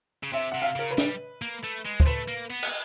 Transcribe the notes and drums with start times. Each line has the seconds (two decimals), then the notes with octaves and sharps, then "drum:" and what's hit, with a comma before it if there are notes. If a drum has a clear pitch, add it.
0.23 C#3
0.33 C3 E5
0.52 C3 F#5
0.62 F5
0.76 C#3 A#4
0.90 B4
0.98 G3, drum: snare
1.42 A#3
1.64 A3
1.86 G#3
2.00 C5, drum: kick
2.06 A3 B4
2.28 A#3
2.51 B3
2.63 drum: cymbal